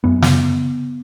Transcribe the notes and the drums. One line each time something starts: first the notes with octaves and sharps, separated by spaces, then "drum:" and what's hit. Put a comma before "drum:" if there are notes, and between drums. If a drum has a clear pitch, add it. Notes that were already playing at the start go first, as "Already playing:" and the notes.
F#2 B3
C#3, drum: snare